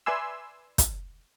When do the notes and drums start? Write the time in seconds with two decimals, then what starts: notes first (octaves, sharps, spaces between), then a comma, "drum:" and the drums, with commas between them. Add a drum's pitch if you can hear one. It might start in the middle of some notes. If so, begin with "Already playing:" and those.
0.06 B4 D5 E5 G#5 C6 E6
0.78 drum: kick, hi-hat